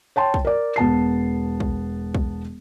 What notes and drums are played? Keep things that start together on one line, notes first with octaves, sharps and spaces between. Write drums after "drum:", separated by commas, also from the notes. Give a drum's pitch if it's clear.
C#5 G5 A5 C6
drum: kick
A#4 D5
E1 B3 A5 C7
drum: kick
drum: kick